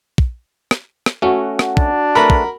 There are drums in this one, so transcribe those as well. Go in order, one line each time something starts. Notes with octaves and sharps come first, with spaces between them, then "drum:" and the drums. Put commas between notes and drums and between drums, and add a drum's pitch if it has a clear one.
drum: kick
drum: rim click
drum: rim click
A3 C#4 F#4
drum: rim click
D4, drum: kick
A3 A#4 B4 B5
drum: kick